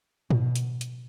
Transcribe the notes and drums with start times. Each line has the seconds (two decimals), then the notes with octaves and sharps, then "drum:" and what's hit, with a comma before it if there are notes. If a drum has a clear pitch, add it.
0.30 B2, drum: tom G#2
0.56 drum: hi-hat
0.81 drum: hi-hat